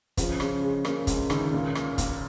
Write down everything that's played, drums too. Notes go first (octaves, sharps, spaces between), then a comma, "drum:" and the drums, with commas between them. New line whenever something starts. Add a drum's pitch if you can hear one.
C#3 F3, drum: kick, hi-hat
C#3, drum: rim click
G#3
C#3 A#3, drum: rim click
C#2 G#3, drum: kick, hi-hat
C#2 D#3, drum: rim click
A#2 C#3
A#2, drum: rim click
A#3, drum: kick, hi-hat